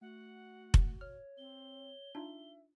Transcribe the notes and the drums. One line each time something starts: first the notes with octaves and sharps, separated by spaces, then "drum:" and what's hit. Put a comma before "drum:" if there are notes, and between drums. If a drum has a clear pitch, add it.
A3 F#4 F#5
drum: kick F1
C#5 F6
C4 G7
D4 D#4 F4 E5